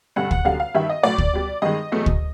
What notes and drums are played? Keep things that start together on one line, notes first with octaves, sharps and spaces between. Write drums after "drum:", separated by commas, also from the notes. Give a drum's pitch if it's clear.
G2 D3 G3 F#5
F#5, drum: kick
F#2 D3 G3 F5
F5
G2 D#3 G3 E5
D#5
A2 F#3 A3 D5
drum: kick
B2 G3
G2 D#3 G#3 D#5
E2 B2 F#3 A3
drum: kick